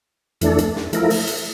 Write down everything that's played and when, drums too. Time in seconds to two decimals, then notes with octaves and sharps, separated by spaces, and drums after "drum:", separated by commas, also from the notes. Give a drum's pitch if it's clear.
0.41 F2 E3 A3 D4 A4, drum: hi-hat
0.58 drum: hi-hat
0.76 drum: snare
0.93 F3 A3 E4 A#4, drum: hi-hat
1.10 drum: open hi-hat
1.27 drum: hi-hat